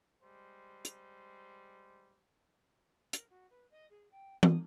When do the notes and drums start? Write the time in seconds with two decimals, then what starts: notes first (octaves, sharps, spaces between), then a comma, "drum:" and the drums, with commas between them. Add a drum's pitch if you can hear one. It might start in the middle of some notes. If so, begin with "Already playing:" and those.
0.22 G3 G#3 C5
0.85 drum: hi-hat
3.13 A#4, drum: hi-hat
3.30 F#4
3.50 B4
3.71 D#5
3.90 G#4
4.11 G5
4.43 D#6, drum: tom E3